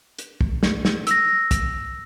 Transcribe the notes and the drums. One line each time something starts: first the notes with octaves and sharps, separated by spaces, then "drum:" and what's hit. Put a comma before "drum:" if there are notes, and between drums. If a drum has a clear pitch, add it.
drum: hi-hat
drum: kick
drum: snare
drum: snare
E6 A#6, drum: hi-hat
drum: kick, hi-hat